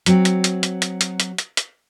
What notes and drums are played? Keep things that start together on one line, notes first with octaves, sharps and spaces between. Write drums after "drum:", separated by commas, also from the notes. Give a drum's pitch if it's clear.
F#3 C4, drum: hi-hat
drum: hi-hat
drum: hi-hat
drum: hi-hat
drum: hi-hat
drum: hi-hat
drum: hi-hat
drum: hi-hat
drum: hi-hat